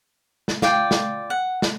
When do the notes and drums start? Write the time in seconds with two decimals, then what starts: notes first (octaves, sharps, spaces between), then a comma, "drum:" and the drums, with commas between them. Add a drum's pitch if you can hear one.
0.48 drum: snare
0.62 F4 D5 G5, drum: snare
0.91 drum: snare
1.30 F#5
1.62 drum: snare